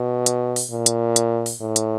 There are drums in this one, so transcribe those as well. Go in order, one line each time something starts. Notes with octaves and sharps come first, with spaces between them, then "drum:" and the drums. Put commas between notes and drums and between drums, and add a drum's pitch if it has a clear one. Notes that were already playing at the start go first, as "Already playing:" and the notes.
Already playing: B2
drum: hi-hat
drum: open hi-hat
A#2
drum: hi-hat
drum: hi-hat
drum: open hi-hat
A2
drum: hi-hat